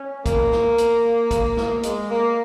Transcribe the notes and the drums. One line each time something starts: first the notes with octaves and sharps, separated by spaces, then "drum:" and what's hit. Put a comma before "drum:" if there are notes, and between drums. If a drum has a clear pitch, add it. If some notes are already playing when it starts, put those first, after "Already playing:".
Already playing: C#4
A#3, drum: kick, hi-hat
drum: snare
drum: hi-hat
drum: kick, hi-hat
drum: snare
G#3, drum: hi-hat
A#3